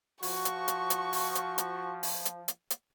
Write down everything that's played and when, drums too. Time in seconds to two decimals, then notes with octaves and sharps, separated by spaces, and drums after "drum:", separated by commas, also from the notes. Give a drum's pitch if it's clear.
0.23 F3 F#4 C#6, drum: open hi-hat
0.45 drum: hi-hat
0.68 drum: hi-hat
0.90 drum: hi-hat
1.13 drum: open hi-hat
1.35 drum: hi-hat
1.58 drum: hi-hat
2.03 drum: open hi-hat
2.25 drum: hi-hat
2.48 drum: hi-hat
2.70 drum: hi-hat